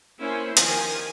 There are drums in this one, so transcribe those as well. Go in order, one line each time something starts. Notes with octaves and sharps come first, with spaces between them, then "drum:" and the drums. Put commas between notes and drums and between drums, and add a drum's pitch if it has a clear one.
A#3 C#4 E4 C5
D#3 F3 G4 G#5, drum: hi-hat